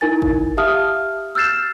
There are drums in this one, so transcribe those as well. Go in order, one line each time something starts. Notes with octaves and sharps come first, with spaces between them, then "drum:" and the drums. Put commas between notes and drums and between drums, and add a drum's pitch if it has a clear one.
D#4 E4 A#4 G#5 A6
drum: kick
G4 E5 F5 A5 D#6 F6
E6 F6 G6 A6 C7 E7